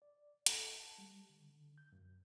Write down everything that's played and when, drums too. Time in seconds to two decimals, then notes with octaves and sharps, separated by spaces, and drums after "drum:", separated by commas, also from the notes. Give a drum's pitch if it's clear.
0.02 D5
0.46 A4, drum: hi-hat
0.72 A5
0.98 G3
1.29 D3
1.50 D3
1.78 G6
1.92 F#2